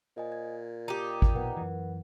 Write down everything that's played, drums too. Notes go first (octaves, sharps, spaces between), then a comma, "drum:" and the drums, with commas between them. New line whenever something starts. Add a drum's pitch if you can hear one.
A#2 C5 D#5 G#5
G#6
D#4 G4
drum: kick G#1
A#1 B2 A#4 B4 F#5
F#2 E3